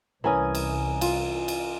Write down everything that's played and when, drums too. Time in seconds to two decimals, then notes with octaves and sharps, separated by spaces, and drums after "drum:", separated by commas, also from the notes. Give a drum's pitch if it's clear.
0.24 C2 E3 C#4 A#4 G#5 D#6
0.55 drum: cymbal
1.01 F4, drum: cymbal
1.48 drum: cymbal